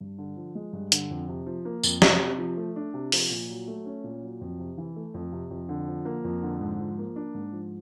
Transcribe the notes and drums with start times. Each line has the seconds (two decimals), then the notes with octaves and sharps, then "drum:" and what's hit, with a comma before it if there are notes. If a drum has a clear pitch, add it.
0.01 G2
0.18 D3
0.37 F3
0.55 G#3
0.73 G2
0.92 D3, drum: hi-hat
1.11 F2
1.28 C3
1.46 F3
1.65 A#3
1.84 F2, drum: tambourine
2.02 C3, drum: snare
2.20 C3
2.38 F3
2.57 A3
2.76 D4
2.94 C3
3.12 F3, drum: open hi-hat
3.30 A#2
3.49 F#3
3.68 A3
3.86 C#4
4.04 A#2
4.22 F#3
4.41 F2
4.59 C3
4.78 E3
4.96 A3
5.14 F2
5.32 C3
5.51 F2
5.69 D3
5.87 F3
6.05 A#3
6.24 F2
6.42 D3
6.61 G#2
6.79 F3
6.98 A#3
7.16 D4
7.34 G#2
7.52 F3